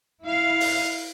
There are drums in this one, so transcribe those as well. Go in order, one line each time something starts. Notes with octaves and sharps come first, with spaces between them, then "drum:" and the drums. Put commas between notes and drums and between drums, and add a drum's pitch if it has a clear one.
E4 F5
drum: open hi-hat